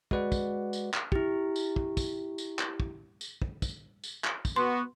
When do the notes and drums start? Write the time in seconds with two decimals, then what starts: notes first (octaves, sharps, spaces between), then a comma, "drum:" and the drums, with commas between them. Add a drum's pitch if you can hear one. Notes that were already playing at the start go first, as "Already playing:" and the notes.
0.11 G#3 F#4 B4 D5 F#5, drum: kick
0.32 drum: kick, tambourine
0.73 drum: tambourine
0.94 drum: clap
1.12 E4 G4, drum: kick
1.56 drum: tambourine
1.76 drum: kick
1.97 drum: kick, tambourine
2.38 drum: tambourine
2.59 drum: clap
2.80 drum: kick
3.21 drum: tambourine
3.42 drum: kick
3.62 drum: kick, tambourine
4.04 drum: tambourine
4.24 drum: clap
4.45 drum: kick, tambourine
4.56 B3 F#4 C6